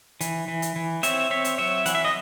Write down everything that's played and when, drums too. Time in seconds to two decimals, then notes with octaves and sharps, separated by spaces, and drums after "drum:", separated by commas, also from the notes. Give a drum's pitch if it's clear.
0.21 E3, drum: hi-hat
0.48 E3
0.62 drum: hi-hat
0.76 E3
1.03 C4 C#5 E5, drum: hi-hat
1.30 C4 C#5 E5
1.44 drum: hi-hat
1.58 F#3 C#5 E5
1.86 E3 F#5, drum: hi-hat
1.95 E5
2.05 D#5